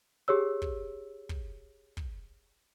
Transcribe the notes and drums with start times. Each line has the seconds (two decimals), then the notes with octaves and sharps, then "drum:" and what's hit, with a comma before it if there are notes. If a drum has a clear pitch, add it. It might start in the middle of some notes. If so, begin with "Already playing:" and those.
0.28 G4 G#4 C#5 E6
0.62 drum: kick
1.29 drum: kick
1.97 drum: kick